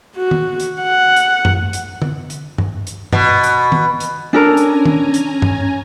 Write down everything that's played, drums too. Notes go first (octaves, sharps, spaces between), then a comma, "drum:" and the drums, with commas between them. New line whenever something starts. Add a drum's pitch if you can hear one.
F#4
drum: tom
drum: hi-hat
F#5
drum: hi-hat
drum: tom F#2
drum: hi-hat
drum: tom
drum: hi-hat
drum: tom G2
drum: hi-hat
B2, drum: tom G2
drum: hi-hat
drum: tom
drum: hi-hat
C#4 D4 A4 A#4 G#5 A#5
drum: hi-hat
drum: tom
drum: hi-hat
drum: tom G2